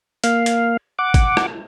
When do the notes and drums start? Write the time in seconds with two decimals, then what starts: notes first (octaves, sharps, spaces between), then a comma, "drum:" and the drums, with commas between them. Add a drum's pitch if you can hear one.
0.24 A#3 F5, drum: hi-hat
0.46 drum: hi-hat
0.99 F#5 D6
1.14 drum: kick, hi-hat
1.37 drum: rim click